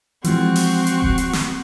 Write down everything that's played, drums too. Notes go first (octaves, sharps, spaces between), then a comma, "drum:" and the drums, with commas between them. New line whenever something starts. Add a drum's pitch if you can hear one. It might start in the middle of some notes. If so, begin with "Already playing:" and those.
E3 F3 G#3 C4 F#4, drum: hi-hat
drum: open hi-hat
drum: hi-hat
drum: kick E1
drum: hi-hat
drum: snare